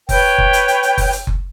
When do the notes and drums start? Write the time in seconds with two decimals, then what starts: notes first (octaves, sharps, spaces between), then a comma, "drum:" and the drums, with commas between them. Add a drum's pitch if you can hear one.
0.09 B4 C#5 G5, drum: kick F#1, open hi-hat
0.38 drum: kick F#1
0.53 drum: hi-hat
0.68 drum: hi-hat
0.83 drum: hi-hat
0.98 drum: kick F#1, open hi-hat
1.12 drum: hi-hat
1.27 drum: kick F#1